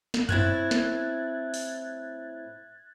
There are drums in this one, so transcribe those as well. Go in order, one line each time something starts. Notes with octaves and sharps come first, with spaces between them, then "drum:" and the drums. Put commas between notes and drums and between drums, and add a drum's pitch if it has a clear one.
drum: snare
A2 C4 E4 F#6 G#6 A6, drum: tom F#2
drum: snare
drum: open hi-hat